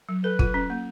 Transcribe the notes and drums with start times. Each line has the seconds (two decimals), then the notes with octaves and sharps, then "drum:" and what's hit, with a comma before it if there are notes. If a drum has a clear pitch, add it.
0.09 F#3
0.24 A4 B4
0.39 F4, drum: kick
0.54 C#4
0.70 A#3